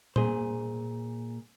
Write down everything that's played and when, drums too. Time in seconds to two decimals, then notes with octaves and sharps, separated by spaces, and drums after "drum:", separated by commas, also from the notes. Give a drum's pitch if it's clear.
0.16 A#2 G#4 C5, drum: tom A#2